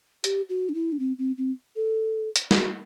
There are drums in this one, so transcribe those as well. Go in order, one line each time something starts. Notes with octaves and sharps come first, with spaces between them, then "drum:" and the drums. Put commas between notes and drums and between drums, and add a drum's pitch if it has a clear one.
G4, drum: hi-hat
F#4
D4
E4
D4
C4
C4
C4
A4
drum: hi-hat
F#4, drum: snare